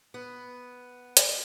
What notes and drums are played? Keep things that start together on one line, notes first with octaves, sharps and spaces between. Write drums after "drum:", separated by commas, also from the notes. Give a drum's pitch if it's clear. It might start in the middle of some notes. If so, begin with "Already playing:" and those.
B3
drum: hi-hat